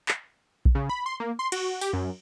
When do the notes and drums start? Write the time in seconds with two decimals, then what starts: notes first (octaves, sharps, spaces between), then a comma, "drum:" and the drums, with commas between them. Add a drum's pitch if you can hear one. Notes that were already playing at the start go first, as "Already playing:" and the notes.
0.08 drum: clap
0.65 drum: kick A#1
0.75 C#3
0.89 B5
1.06 C6
1.20 A#3
1.39 C6
1.52 F#4, drum: cymbal
1.81 G4, drum: tambourine
1.93 F#2